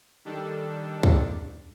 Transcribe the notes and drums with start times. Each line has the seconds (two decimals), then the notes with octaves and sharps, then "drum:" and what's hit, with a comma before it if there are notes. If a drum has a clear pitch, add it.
0.25 D#3 G3 D4 A4
1.03 drum: kick